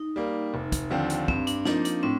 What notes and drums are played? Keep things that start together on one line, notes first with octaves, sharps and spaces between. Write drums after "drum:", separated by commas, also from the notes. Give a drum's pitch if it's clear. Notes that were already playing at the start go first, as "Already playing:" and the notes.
Already playing: D#4
G3 A#3
F1
drum: kick, hi-hat
D#2 D3 F3 C4
drum: hi-hat
G2 C4, drum: kick
D4, drum: hi-hat
F3 A#3 D4 D#4, drum: snare
D4, drum: hi-hat
A2 C4